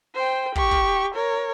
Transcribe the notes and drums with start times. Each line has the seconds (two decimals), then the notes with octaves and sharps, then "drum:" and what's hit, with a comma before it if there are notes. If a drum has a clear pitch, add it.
0.15 C5 G5
0.55 G4 C#6, drum: kick
0.71 drum: kick
1.14 A#4 C#5